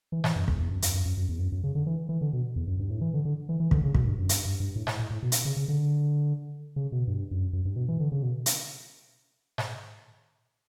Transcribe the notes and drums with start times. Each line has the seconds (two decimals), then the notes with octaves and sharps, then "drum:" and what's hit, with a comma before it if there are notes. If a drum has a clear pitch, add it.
0.12 E3
0.24 E3, drum: snare G#2
0.36 F#2
0.48 E2, drum: kick
0.59 E2
0.71 F#2
0.82 F#2, drum: hi-hat
0.94 F#2
1.05 F#2
1.17 F#2
1.29 E2
1.39 F#2
1.52 F#2
1.64 C#3
1.75 D3
1.86 E3
2.09 E3
2.21 D3
2.33 B2
2.56 E2
2.67 F#2
2.79 G2
2.90 A2
3.01 E3
3.14 D3
3.25 D3
3.49 E3
3.60 E3
3.71 D3, drum: kick
3.83 C#3
3.95 B2, drum: kick
4.06 G2
4.18 F#2
4.29 G2, drum: hi-hat
4.45 G2
4.60 G2
4.76 A2
4.87 A2, drum: snare G#2
4.99 A2
5.10 A2
5.22 B2
5.32 drum: hi-hat
5.45 C#3
5.57 C#3
5.68 D3
6.76 C#3
6.92 B2
7.07 G2
7.31 F#2
7.53 F#2
7.65 G2
7.76 B2
7.88 E3
8.00 D3
8.12 C#3
8.23 B2
8.46 drum: hi-hat
9.58 drum: snare G#2